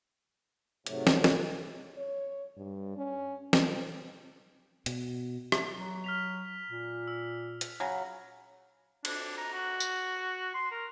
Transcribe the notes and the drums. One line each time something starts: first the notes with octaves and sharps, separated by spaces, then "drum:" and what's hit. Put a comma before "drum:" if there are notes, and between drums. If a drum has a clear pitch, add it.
G#2 C3 F#3 A3, drum: hi-hat
drum: snare
drum: snare
C#5
G2
C#4
C4, drum: snare
B2, drum: hi-hat
drum: rim click
F#3
F6 B6 F7
A#2
E6
drum: hi-hat
C#3 F#3
D4, drum: cymbal
A#5
F#4
drum: tambourine
C6
A#4